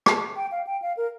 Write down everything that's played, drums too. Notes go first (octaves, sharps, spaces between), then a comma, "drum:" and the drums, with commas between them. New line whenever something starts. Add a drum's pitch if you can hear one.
drum: rim click
G5
F5
G5
F5
A#4